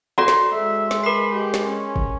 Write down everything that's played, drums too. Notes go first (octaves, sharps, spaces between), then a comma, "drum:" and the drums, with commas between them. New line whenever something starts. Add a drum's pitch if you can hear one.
F#4 A4 D5 C6
drum: snare
G#3 E5
drum: snare
A#4 B4 C7
G4
drum: snare
C#4
drum: kick